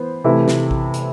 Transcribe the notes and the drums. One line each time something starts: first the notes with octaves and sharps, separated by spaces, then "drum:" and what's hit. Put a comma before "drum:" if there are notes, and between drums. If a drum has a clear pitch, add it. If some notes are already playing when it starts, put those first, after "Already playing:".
Already playing: E3 B3 C5
C3 E3 A3 E4
drum: snare
drum: kick A1
drum: hi-hat